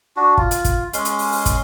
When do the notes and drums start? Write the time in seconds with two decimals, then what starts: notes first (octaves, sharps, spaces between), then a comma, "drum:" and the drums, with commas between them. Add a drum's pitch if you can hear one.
0.16 D4 F#4
0.38 F4, drum: kick
0.51 drum: hi-hat
0.65 drum: kick, hi-hat
0.93 G#3 C#4 C6, drum: hi-hat
1.05 drum: hi-hat
1.19 drum: open hi-hat
1.32 drum: open hi-hat
1.46 drum: kick, hi-hat